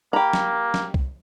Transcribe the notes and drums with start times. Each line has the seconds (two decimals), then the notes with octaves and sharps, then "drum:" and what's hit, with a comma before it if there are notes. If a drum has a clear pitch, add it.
0.13 A#3 G4 A#5 B5
0.33 drum: snare
0.74 drum: snare
0.94 drum: kick C2